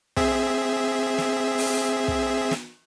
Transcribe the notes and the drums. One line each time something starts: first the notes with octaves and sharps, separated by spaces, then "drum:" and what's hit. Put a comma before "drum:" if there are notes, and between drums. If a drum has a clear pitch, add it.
C4 G#4 E5, drum: kick
drum: snare
drum: open hi-hat
drum: kick
drum: snare